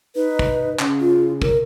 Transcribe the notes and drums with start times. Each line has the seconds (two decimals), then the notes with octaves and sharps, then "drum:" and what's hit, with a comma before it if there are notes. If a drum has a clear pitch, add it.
0.15 D#4 B4
0.39 drum: kick
0.79 C#3, drum: clap
1.00 F4
1.42 A#4, drum: kick